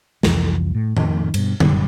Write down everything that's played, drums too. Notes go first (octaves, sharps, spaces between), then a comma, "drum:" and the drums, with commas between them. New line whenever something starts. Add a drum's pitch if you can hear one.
C2 F2 E3 F3, drum: snare
A2
F2 D#3, drum: tom A2
G2 B2, drum: cymbal
G1 F#2 A#2 G3, drum: tom D3